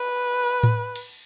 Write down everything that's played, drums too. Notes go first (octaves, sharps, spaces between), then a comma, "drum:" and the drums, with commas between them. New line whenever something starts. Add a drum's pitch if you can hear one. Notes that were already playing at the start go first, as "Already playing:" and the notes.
Already playing: B4
drum: tom A2
drum: cymbal